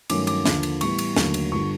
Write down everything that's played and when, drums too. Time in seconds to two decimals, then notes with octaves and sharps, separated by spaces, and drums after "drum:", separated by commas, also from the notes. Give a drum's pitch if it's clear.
0.10 G2 D#3 F#3 A3 C#4 D6, drum: cymbal
0.27 D6, drum: cymbal
0.46 D#2 D3 F3, drum: snare
0.63 drum: cymbal
0.81 A2 E3 G3 B3 C#6, drum: cymbal
0.99 drum: cymbal
1.16 D#2 D3 F#3 A3, drum: snare
1.34 drum: cymbal
1.52 G1 D3 G3 C#6